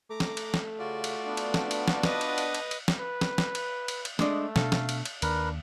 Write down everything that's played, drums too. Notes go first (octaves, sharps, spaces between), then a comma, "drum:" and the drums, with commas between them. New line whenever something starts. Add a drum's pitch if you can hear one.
A3 A#5 D6
drum: snare
drum: cymbal
drum: snare
C#3 F4 F#4 D5
drum: cymbal
B3 D4
drum: cymbal
drum: snare
drum: cymbal
drum: snare
B4 D#5, drum: snare
drum: cymbal
drum: cymbal
drum: cymbal
drum: cymbal
drum: snare
B4
drum: snare
drum: snare
drum: cymbal
drum: cymbal
drum: cymbal
G#3 A3 D4 D#5, drum: snare
B2 D4 A4 F5, drum: snare
drum: snare
drum: cymbal
drum: cymbal
D#2 D4 A#4 B4, drum: cymbal